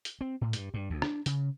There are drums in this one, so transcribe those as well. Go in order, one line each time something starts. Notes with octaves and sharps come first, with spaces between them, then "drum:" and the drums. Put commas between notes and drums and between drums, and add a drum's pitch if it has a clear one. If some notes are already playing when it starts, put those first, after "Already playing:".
drum: hi-hat
C4
A2
G2, drum: hi-hat
G2
D2
D4, drum: rim click
C#3, drum: hi-hat